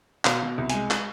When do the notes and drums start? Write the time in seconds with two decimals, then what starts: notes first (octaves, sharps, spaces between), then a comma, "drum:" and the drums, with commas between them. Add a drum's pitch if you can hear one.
0.25 B2 F5, drum: clap
0.42 B2
0.58 C2
0.70 G#3 G#5, drum: hi-hat
0.91 drum: clap